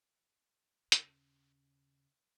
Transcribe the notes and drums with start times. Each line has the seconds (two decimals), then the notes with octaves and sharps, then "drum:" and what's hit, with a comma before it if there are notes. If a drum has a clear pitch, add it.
0.92 D#2 C#3, drum: hi-hat